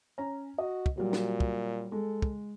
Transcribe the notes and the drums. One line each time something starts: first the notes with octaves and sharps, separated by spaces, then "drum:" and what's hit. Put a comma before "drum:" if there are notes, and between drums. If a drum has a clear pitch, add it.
C#4 A#5
F#4 D#5
drum: kick
A#2 F#3 G3
drum: snare
drum: kick
G#3 A4
drum: kick